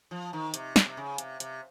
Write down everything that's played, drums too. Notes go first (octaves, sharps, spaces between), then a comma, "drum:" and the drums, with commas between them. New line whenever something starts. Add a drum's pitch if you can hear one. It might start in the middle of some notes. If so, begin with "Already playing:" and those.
F3
D#3
C3, drum: hi-hat
drum: snare
C3
C#3
C3, drum: hi-hat
C3, drum: hi-hat